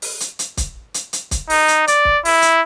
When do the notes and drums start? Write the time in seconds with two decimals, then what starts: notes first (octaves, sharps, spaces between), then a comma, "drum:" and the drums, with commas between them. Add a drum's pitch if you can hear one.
0.02 drum: open hi-hat
0.20 drum: hi-hat
0.39 drum: hi-hat
0.57 drum: kick, hi-hat
0.94 drum: hi-hat
1.13 drum: hi-hat
1.31 drum: kick, hi-hat
1.50 D#4, drum: open hi-hat
1.68 drum: hi-hat
1.87 D5, drum: hi-hat
2.05 drum: kick
2.25 E4, drum: open hi-hat
2.42 drum: hi-hat